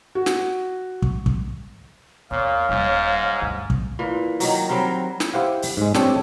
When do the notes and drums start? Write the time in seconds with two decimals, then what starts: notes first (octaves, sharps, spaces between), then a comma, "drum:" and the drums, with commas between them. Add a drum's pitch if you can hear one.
0.15 F#4
0.26 drum: snare
1.02 drum: kick
1.26 drum: kick
2.31 E2 A#2 C#5 F5
2.69 D#1 G#2 G3
3.42 D2 G2
3.70 drum: kick
3.99 A#2 E3
4.40 D#3 F#3, drum: open hi-hat
4.69 F#3 G3 C4 A#4
5.20 drum: snare
5.34 E4 G4 C5 F5 F#5
5.62 drum: open hi-hat
5.77 G#2 G#3
5.94 C4 D4 G4 A4 C#5, drum: snare